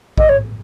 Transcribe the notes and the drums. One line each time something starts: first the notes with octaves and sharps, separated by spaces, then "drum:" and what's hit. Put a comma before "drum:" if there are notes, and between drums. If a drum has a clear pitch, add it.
D#5, drum: kick A#1
C#5